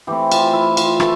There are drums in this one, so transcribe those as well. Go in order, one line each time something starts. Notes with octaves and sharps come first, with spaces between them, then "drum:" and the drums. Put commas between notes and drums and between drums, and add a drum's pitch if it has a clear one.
E3 A3 C4 G4
F4, drum: cymbal
E4
F4, drum: cymbal
E3 A3 F4, drum: rim click